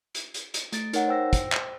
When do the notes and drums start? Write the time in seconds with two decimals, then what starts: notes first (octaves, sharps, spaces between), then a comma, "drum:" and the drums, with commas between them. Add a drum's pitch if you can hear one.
0.15 drum: hi-hat
0.34 drum: hi-hat
0.54 drum: hi-hat
0.72 A3 A6 D7, drum: hi-hat
0.93 D#4 A#4 C#5 F#5, drum: hi-hat
1.08 C5 G5 E6 A#6
1.33 drum: kick, hi-hat
1.52 drum: clap